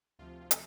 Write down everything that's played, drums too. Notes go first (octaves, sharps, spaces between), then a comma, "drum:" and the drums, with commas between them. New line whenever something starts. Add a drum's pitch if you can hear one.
D2 C3 F3 F4
A3 A4, drum: hi-hat